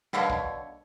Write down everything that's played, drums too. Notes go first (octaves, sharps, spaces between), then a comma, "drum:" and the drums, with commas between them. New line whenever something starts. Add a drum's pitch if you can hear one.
B2 D3 A#3 C#5, drum: snare
drum: kick